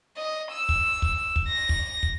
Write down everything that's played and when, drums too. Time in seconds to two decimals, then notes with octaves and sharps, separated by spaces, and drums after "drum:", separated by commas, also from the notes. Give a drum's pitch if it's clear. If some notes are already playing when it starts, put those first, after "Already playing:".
0.18 D#5
0.52 E6
0.69 drum: kick
1.02 drum: kick
1.36 drum: kick
1.49 A#6
1.69 drum: kick
2.03 drum: kick